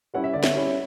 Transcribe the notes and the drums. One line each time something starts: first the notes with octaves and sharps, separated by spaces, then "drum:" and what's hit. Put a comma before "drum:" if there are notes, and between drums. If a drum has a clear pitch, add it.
G3 C#4 E4 F#5
E5
D3 D5
C#5 E5, drum: snare
G3 C#4 E4